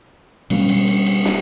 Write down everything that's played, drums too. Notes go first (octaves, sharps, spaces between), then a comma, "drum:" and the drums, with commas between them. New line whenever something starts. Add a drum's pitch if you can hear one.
B2 G3 A#3 C#4, drum: cymbal
drum: cymbal
drum: cymbal
drum: cymbal
drum: snare